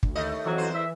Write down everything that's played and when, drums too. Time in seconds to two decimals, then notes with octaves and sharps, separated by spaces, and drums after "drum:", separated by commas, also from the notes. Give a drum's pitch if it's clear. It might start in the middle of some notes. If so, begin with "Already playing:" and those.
0.03 D2, drum: kick
0.16 D#2 A3 D#5
0.45 F2 E3 F#3
0.58 E2 C5
0.75 E5